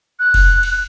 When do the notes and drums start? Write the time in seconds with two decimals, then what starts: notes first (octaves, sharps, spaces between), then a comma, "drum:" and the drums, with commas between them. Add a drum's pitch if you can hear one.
0.19 F#6
0.34 drum: kick F1, cymbal
0.63 drum: cymbal